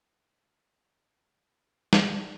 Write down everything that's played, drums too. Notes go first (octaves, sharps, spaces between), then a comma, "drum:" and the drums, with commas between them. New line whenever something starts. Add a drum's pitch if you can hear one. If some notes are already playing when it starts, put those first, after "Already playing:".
D3, drum: snare